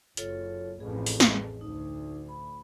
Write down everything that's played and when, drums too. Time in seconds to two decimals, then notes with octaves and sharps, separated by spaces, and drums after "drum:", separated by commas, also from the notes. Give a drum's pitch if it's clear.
0.17 F#1 F4 A4 C#5, drum: hi-hat
0.80 A1 F2 G#4
1.06 drum: open hi-hat
1.20 drum: snare
1.61 D2 D#4
2.29 B5